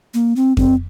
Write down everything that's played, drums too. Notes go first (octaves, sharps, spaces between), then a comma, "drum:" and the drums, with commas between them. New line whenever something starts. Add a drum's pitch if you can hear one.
A#3
C4
C4, drum: kick F2